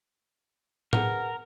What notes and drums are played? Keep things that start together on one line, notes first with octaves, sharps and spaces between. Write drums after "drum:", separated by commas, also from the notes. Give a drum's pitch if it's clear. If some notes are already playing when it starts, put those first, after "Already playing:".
G#4 A#4 B4 F#5, drum: tom A2